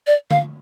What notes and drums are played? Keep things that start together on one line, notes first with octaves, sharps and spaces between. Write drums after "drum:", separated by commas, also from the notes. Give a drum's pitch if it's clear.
D5
F5, drum: tom D3